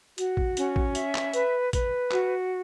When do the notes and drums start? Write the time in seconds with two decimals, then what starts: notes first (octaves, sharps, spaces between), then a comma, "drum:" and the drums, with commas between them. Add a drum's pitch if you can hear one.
0.18 F#4, drum: hi-hat
0.37 drum: kick A1
0.57 C#4, drum: hi-hat
0.76 drum: kick A1
0.95 E5, drum: hi-hat
1.15 drum: clap
1.34 B4, drum: hi-hat
1.73 B4, drum: kick A1, hi-hat
2.11 F#4, drum: clap